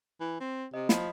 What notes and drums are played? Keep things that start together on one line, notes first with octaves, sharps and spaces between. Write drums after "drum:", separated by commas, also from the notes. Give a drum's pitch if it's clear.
E3
C4
C3 D#5
F3 B5, drum: snare